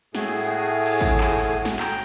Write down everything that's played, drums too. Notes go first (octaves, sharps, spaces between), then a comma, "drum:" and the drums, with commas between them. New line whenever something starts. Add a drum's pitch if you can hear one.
A2 A3 F#4 G#4 G#5, drum: snare
drum: cymbal
drum: kick
drum: clap
drum: snare
G5 A#5, drum: clap